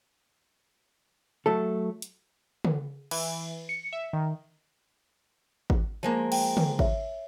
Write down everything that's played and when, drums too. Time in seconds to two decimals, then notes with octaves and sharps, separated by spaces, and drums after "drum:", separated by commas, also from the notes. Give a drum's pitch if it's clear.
1.46 F#3 A3 A4
2.02 drum: hi-hat
2.65 drum: tom
3.11 E3, drum: cymbal
3.69 C#7
3.93 E5
4.13 D#3
5.70 drum: kick G#1
6.03 F3 G#3 A#3
6.32 G5, drum: cymbal
6.57 drum: tom
6.79 C#5 E5, drum: kick G#1